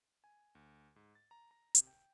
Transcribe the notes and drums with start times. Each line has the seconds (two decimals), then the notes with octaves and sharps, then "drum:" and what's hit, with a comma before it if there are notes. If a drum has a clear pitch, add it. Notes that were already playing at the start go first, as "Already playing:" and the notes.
0.24 G#5
0.55 D2
0.96 G#2
1.15 A6
1.31 A#5
1.51 A#5
1.75 C3, drum: hi-hat
1.87 G5